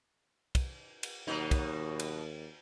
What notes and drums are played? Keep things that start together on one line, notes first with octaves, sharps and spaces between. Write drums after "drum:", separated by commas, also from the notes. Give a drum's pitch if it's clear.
drum: kick, cymbal
drum: cymbal
D#2 B2 F#3 D#4
drum: kick, cymbal
drum: cymbal